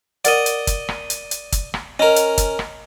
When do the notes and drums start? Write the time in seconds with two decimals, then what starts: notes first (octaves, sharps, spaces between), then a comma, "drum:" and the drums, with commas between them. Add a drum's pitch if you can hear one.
0.25 A#4 D5 D#5 F#5, drum: hi-hat
0.46 drum: hi-hat
0.67 drum: kick, hi-hat
0.89 drum: rim click
1.10 drum: hi-hat
1.31 drum: hi-hat
1.52 drum: kick, hi-hat
1.74 drum: rim click
1.99 C#4 A#4 D#5
2.16 drum: hi-hat
2.38 drum: kick, hi-hat
2.59 drum: rim click